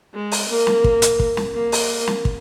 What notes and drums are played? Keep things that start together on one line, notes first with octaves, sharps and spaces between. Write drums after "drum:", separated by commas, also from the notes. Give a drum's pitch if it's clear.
G#3
drum: open hi-hat
A#3
drum: snare
drum: kick
drum: hi-hat
drum: kick
drum: snare
A#3
drum: open hi-hat
drum: snare
drum: kick